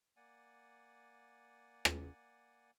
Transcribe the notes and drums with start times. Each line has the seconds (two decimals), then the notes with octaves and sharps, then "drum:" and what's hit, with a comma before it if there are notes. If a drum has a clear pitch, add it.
0.16 A#3 D5 F#5 G#5
1.85 drum: rim click